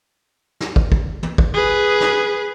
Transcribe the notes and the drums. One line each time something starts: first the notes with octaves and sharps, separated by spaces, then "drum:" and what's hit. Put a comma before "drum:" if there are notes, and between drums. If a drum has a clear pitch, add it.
drum: snare
drum: kick
drum: kick
drum: tom
drum: kick
G#4 B4
drum: snare